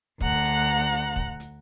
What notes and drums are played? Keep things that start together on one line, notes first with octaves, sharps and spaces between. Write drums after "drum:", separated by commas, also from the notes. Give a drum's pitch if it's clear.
D2 F#5 A#5 F#6, drum: kick
drum: hi-hat
drum: hi-hat
drum: kick
drum: hi-hat